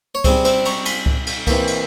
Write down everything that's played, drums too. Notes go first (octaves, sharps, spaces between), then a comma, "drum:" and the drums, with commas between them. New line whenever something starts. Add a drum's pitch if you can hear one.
C#5
C3 G3 C4 G#4 C5, drum: kick C#2, cymbal
C5 E5, drum: cymbal
A#5 C#6, drum: cymbal
G#5 C6, drum: cymbal
drum: kick C#2
drum: cymbal
C3 E3 A#3, drum: kick C#2, cymbal
drum: cymbal